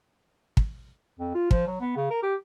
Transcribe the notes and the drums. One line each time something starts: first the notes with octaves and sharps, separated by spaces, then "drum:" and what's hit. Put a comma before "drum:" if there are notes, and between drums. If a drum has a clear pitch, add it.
drum: kick
F2
F4
F3, drum: kick
F#3
B3
C#3
A#4
G4